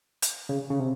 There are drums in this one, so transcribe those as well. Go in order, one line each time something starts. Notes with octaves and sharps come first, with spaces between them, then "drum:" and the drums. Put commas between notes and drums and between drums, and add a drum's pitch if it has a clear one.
drum: hi-hat
C#3
C#3
C3